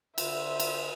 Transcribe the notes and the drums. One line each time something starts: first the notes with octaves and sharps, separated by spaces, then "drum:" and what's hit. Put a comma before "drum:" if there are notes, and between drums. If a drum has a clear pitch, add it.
D3 C5 E5, drum: cymbal
drum: cymbal